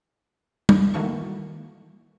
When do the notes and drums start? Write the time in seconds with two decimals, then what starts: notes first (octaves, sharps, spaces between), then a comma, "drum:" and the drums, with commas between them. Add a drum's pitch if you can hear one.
0.69 drum: tom
0.94 D#3 E3 A#3 F#4 A4 C#6